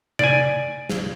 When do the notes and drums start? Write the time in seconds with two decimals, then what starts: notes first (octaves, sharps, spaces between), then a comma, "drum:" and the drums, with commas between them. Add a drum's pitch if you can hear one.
0.19 D5 G#5, drum: tom C3
0.89 drum: snare